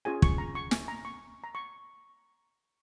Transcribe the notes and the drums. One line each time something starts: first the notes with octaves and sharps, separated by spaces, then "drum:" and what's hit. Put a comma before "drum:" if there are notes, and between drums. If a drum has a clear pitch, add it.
C#4 F4 G#4 C#5 G#5
C#6, drum: kick
A#5
C#6
G#5, drum: snare
A#5
C#6
A#5
C#6